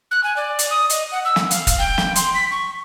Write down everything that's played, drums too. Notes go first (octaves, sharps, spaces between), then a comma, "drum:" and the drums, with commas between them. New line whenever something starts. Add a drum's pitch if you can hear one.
F#6
G#5
D5
drum: hi-hat
D#6
D#5, drum: hi-hat
F#5
E6
drum: snare
F5, drum: hi-hat
drum: kick, hi-hat
G5
drum: snare
C6, drum: hi-hat
B6
C#6